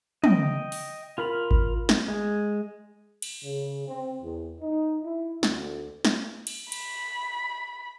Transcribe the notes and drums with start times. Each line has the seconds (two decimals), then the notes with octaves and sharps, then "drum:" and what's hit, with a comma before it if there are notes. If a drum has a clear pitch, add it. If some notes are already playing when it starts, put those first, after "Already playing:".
0.24 D#5 G5, drum: tom
0.72 drum: open hi-hat
1.18 F4 A#4 B5
1.51 drum: kick G#1
1.89 drum: snare
2.08 G#3
3.22 drum: cymbal
3.45 C#3
3.88 C4
4.22 E2
4.61 D#4
5.04 E4
5.43 D2, drum: snare
6.05 drum: snare
6.47 drum: cymbal
6.72 B5, drum: cymbal